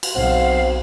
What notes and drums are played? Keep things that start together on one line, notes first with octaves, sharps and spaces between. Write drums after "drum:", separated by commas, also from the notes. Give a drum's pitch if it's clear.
drum: cymbal
B1 C4 F5 F#5